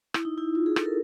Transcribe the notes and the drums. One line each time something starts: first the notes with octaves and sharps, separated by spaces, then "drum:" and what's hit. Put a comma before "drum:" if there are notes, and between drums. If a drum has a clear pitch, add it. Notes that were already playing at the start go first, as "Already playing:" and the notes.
E4, drum: rim click
D#4
E4
F4
G#4
A4, drum: rim click
A#4